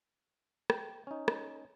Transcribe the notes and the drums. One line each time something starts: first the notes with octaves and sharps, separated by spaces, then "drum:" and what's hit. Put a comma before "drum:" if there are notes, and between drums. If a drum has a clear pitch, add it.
G5, drum: rim click
C#4 D#4
drum: rim click